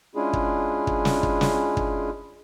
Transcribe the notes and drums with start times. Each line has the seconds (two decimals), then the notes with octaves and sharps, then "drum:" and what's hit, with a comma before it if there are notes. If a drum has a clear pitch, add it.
0.15 G#3 C#4 D4 E4 F4 G#4
0.33 drum: kick
0.87 drum: kick
1.05 drum: snare
1.23 drum: kick
1.41 drum: snare
1.77 drum: kick